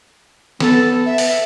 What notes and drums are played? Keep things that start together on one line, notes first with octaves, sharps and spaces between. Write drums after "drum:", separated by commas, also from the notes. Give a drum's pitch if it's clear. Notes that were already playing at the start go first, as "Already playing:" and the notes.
B3 A4, drum: snare
E5
drum: open hi-hat